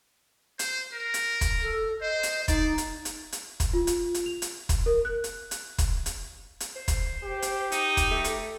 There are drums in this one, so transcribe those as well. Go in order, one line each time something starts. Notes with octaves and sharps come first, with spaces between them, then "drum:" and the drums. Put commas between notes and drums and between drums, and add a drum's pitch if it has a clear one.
C5, drum: hi-hat
A#4
drum: hi-hat
drum: kick, hi-hat
A4
C5 D#5
drum: hi-hat
D#4 D5, drum: kick, hi-hat
drum: hi-hat
drum: hi-hat
drum: hi-hat
drum: kick, hi-hat
F4
drum: hi-hat
drum: hi-hat
F7
drum: hi-hat
drum: kick, hi-hat
A#4
F#6
drum: hi-hat
drum: hi-hat
drum: kick, hi-hat
drum: hi-hat
drum: hi-hat
C5
drum: kick, hi-hat
G4
drum: hi-hat
D#4, drum: hi-hat
drum: kick, hi-hat
A3
drum: hi-hat